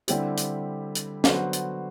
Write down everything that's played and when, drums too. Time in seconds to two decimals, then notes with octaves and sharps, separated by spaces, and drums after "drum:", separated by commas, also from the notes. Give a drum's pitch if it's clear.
0.08 D3 G3 C4 E4 G4, drum: hi-hat
0.37 drum: hi-hat
0.95 drum: hi-hat
1.24 D3 F#3 B3 F#4 C5, drum: snare
1.53 drum: hi-hat